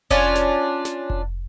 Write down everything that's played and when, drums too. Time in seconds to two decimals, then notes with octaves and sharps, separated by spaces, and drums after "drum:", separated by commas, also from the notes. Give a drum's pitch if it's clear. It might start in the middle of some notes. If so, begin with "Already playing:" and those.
0.11 C#4 D4 F4, drum: kick F1
0.35 drum: snare
0.85 drum: snare
1.10 drum: kick F1